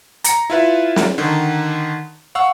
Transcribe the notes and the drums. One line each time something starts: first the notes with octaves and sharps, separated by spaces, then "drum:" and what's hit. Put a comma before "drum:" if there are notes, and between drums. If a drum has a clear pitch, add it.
A#5 C#7, drum: hi-hat
E4 F4 B4 E5
drum: snare
D3 D#3
F5 F#5 C#6 E6